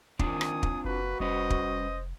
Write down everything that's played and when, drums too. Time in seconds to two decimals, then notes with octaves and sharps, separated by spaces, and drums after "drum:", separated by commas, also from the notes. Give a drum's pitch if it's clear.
0.19 D#3 C4 D4 F4 G#5 D#6, drum: kick
0.41 drum: rim click
0.63 drum: kick
0.85 F#1 A#3 F#4 B4
1.20 F1 G3 C#4 B4 C5 D#5
1.50 drum: kick